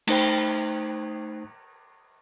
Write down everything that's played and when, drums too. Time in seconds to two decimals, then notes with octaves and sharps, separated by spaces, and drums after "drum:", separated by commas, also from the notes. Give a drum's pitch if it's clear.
0.07 A3 D#4 C5 G5, drum: cymbal